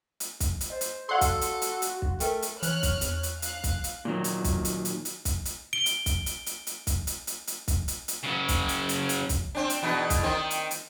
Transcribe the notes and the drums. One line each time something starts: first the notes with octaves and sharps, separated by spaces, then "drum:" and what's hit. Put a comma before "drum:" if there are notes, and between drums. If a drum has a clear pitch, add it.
drum: hi-hat
drum: kick, hi-hat
drum: hi-hat
C5 D#5
drum: hi-hat
F#4 A4 D5 F5 F#5 C6 C#6
drum: kick, hi-hat
drum: hi-hat
drum: hi-hat
drum: hi-hat
drum: kick
A3 A#4 B4 G5, drum: hi-hat
drum: hi-hat
E3 C#5 F6 F#6, drum: hi-hat
drum: kick, hi-hat
E2, drum: hi-hat
drum: hi-hat
F5 F#6, drum: hi-hat
drum: kick, hi-hat
drum: hi-hat
A#2 D#3 F#3
drum: hi-hat
drum: kick, hi-hat
drum: hi-hat
drum: hi-hat
drum: hi-hat
drum: kick, hi-hat
drum: hi-hat
D7 G7
drum: hi-hat
drum: kick, hi-hat
drum: hi-hat
drum: hi-hat
drum: hi-hat
drum: kick, hi-hat
drum: hi-hat
drum: hi-hat
drum: hi-hat
drum: kick, hi-hat
drum: hi-hat
drum: hi-hat
C#3 F#3
drum: kick, hi-hat
drum: hi-hat
drum: hi-hat
drum: hi-hat
drum: kick, hi-hat
C4 D4
drum: hi-hat
E2 B2 D#4
drum: kick, hi-hat
D#3 C4
drum: hi-hat
drum: hi-hat